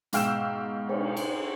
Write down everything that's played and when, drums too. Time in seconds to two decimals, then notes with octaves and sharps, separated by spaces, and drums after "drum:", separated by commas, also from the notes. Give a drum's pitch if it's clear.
0.13 G#2 B2 F5 G5 E6 E7, drum: hi-hat
0.89 drum: cymbal
1.17 drum: cymbal